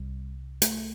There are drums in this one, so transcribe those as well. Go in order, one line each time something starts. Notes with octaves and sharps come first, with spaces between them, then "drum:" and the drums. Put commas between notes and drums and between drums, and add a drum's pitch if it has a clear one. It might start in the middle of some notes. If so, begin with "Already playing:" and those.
Already playing: C2 C3 G3
A3, drum: hi-hat